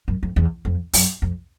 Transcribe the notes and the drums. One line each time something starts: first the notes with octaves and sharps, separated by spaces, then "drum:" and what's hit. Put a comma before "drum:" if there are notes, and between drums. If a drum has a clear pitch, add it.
F#2
F2
E2
F2
F#2, drum: open hi-hat
F2